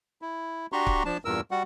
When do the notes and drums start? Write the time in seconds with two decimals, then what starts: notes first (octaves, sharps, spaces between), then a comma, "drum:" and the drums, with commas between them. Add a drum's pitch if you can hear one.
0.22 E4
0.72 D4 F#4 G4 A#5 C6 C#6
0.86 drum: kick C#1
1.05 F3 D4 A5
1.25 E2 G2 A#2 A#4 E6
1.51 G3 F#4 F#5